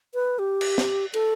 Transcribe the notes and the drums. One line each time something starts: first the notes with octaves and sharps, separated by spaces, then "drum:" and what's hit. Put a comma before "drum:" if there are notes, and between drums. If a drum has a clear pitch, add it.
B4
G4
drum: cymbal
drum: snare
A4, drum: cymbal